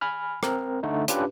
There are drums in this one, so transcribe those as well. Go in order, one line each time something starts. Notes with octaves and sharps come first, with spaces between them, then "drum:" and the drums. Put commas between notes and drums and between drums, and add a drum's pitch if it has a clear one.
G#5 B5 F6
C4 A#4, drum: rim click
D3 A3 D#4
C#4 D4 F4 G4 B4, drum: hi-hat